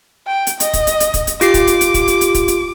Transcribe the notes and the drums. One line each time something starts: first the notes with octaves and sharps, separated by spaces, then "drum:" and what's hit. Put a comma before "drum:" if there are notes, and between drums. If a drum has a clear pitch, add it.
G5
drum: hi-hat
D#5, drum: hi-hat
drum: kick, hi-hat
drum: hi-hat
drum: hi-hat
drum: kick, hi-hat
drum: hi-hat
F4 G4 D6 C7, drum: hi-hat
drum: kick, hi-hat
drum: hi-hat
drum: hi-hat
drum: kick, hi-hat
drum: hi-hat
drum: hi-hat
drum: kick, hi-hat
drum: hi-hat